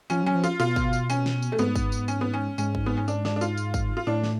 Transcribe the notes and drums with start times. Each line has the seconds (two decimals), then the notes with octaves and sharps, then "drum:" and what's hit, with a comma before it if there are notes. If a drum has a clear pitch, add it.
0.10 F3 C#4, drum: tambourine
0.23 F#3 C#4
0.35 F3
0.44 F4, drum: tambourine
0.60 B2 F4, drum: tambourine
0.76 drum: kick, tambourine
0.93 drum: tambourine
1.10 C#4, drum: tambourine
1.26 drum: snare
1.42 drum: tambourine
1.52 A3
1.59 G#2 B3, drum: tambourine
1.76 drum: kick, tambourine
1.92 drum: tambourine
2.08 C#4, drum: tambourine
2.21 B3
2.34 C#4
2.58 G#2 C#4, drum: tambourine
2.75 drum: kick
2.86 B3
2.97 C#4
3.08 D4, drum: tambourine
3.25 D4, drum: snare
3.36 D4
3.41 F4, drum: tambourine
3.57 drum: tambourine
3.74 drum: kick, tambourine
3.97 F4
4.07 A2 D4
4.24 drum: snare